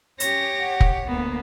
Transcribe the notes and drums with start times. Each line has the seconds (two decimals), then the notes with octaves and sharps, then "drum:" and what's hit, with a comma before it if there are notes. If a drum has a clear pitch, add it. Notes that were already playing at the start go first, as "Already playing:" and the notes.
0.20 C#4 G4 C#5 A#6, drum: hi-hat
0.59 F#5
0.80 drum: kick
1.07 D2 A#3 B3